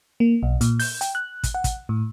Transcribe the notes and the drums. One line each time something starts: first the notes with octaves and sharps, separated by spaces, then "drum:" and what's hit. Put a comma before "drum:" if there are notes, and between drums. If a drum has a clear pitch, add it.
A#3
B1
A#2, drum: hi-hat
G6, drum: open hi-hat
G5, drum: hi-hat
F#6
drum: kick, hi-hat
F#5
drum: kick, hi-hat
A2